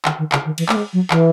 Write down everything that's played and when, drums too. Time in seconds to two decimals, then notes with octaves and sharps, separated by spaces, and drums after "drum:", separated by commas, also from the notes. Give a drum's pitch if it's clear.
0.05 D#3, drum: clap
0.18 D#3
0.32 C#3, drum: clap
0.45 D#3
0.58 E3, drum: cymbal
0.69 A3, drum: clap
0.76 G#3
0.93 F#3
1.11 E3, drum: clap